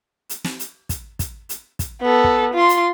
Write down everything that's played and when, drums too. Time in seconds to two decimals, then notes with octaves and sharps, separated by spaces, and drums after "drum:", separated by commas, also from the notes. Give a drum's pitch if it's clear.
0.29 drum: hi-hat
0.44 drum: snare
0.59 drum: hi-hat
0.89 drum: kick, hi-hat
1.19 drum: kick, hi-hat
1.49 drum: hi-hat
1.79 drum: kick, hi-hat
2.02 B3 A4
2.24 drum: kick
2.54 F4 C6
2.69 drum: hi-hat